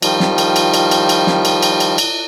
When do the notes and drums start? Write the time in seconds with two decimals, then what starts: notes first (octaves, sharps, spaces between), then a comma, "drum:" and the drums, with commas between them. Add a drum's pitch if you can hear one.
0.02 D#3 F3 G3, drum: cymbal
0.20 drum: snare
0.38 drum: cymbal
0.56 drum: cymbal
0.74 drum: cymbal
0.91 drum: cymbal
1.09 drum: cymbal
1.27 drum: snare
1.45 drum: cymbal
1.63 drum: cymbal
1.80 drum: cymbal
1.98 drum: cymbal